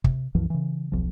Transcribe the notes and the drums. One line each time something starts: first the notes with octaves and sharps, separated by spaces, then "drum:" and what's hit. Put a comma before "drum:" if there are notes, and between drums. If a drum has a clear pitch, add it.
C3, drum: kick
C2 F#2 E3 F3
C#3 E3
D#1 B1 F3